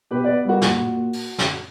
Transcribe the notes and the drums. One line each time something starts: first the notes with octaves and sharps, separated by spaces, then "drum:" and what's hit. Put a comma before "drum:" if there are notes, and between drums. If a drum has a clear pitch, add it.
B2 G4 B4
B3 B4 D5
G3 F#4 A#4
A#2 F#4, drum: snare
A#2
A#3
drum: open hi-hat
drum: snare